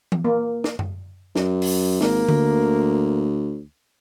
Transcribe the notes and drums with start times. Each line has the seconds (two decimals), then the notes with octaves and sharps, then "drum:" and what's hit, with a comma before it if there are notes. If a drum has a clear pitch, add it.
0.12 drum: tom E3
0.25 A#3
0.64 drum: snare
0.79 drum: tom F#2
1.36 F#2, drum: snare
1.62 drum: open hi-hat
2.01 G#1 A#3, drum: snare
2.28 D2, drum: tom D3